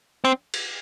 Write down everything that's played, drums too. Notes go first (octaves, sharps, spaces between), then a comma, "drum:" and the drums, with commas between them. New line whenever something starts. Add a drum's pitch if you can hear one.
C4
drum: cymbal